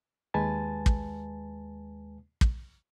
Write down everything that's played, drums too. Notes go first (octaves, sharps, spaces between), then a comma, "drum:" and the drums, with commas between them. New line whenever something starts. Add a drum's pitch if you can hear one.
D#2 G#3 B4 G#5 A5 A6
drum: kick
drum: kick